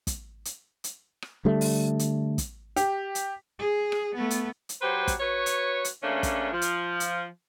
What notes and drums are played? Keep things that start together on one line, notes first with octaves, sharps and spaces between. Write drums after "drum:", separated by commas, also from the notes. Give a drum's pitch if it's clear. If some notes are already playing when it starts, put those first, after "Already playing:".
drum: kick, hi-hat
drum: hi-hat
drum: hi-hat
drum: rim click
D3 G3 A3
drum: open hi-hat
drum: hi-hat
drum: kick, hi-hat
G4, drum: hi-hat
drum: hi-hat
G#4
drum: rim click
A3 B3
drum: hi-hat
drum: hi-hat
F#3 G4 B4 C5
drum: kick, hi-hat
F#4 B4 C#5
drum: hi-hat
drum: hi-hat
C#3 A3 A#3 C#4 D4
drum: kick, hi-hat
F3
drum: hi-hat
drum: hi-hat